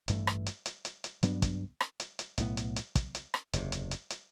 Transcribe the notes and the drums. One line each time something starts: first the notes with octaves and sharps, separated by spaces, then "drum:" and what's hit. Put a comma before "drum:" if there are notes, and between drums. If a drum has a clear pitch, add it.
A1 G2 E3 A3, drum: hi-hat
drum: rim click
drum: hi-hat
drum: hi-hat
drum: hi-hat
drum: hi-hat
G2 F#3 B3 D4, drum: hi-hat
drum: kick, hi-hat
drum: rim click
drum: hi-hat
drum: hi-hat
B1 A2 F#3 B3, drum: hi-hat
drum: hi-hat
drum: hi-hat
drum: kick, hi-hat
drum: hi-hat
drum: rim click
F#1 E2 C3, drum: hi-hat
drum: hi-hat
drum: hi-hat
drum: hi-hat